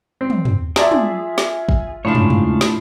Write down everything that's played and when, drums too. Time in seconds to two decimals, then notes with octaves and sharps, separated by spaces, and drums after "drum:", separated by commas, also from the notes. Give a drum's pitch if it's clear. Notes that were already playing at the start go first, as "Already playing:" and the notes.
0.21 C4
0.30 drum: tom
0.45 drum: tom
0.76 F4 G#4 D5 E5 A5 A#5, drum: snare
0.92 drum: tom
1.38 drum: snare
1.69 drum: kick
2.05 A2 C#3 F3 G#3 D4 C#5 F5
2.15 drum: tom
2.30 drum: tom
2.61 drum: snare